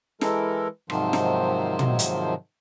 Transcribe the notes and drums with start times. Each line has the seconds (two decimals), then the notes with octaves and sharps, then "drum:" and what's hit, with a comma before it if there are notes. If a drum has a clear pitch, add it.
0.21 E3 G#3 E4 A4 A#4, drum: snare
0.90 G#2 C3 D#3 F3 F#3 C5, drum: rim click
1.13 drum: snare
1.79 drum: tom
1.99 drum: hi-hat